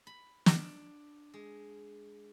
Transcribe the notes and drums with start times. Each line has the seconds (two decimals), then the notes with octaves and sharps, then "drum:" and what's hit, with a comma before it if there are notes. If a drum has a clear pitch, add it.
0.07 B5
0.46 D4, drum: snare
1.34 G#3